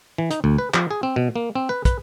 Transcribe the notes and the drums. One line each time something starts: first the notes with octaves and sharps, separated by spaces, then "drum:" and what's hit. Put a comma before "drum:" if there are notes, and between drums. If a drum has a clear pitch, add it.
E3
D#4, drum: hi-hat
D2
B4
F3, drum: clap
G#4
C4
B2
A#3
C4
B4
B4, drum: kick, hi-hat